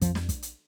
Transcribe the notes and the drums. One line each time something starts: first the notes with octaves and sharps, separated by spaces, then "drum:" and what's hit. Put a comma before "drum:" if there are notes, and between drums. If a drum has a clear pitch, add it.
F2 F3, drum: kick, hi-hat
drum: snare
drum: kick, hi-hat
drum: hi-hat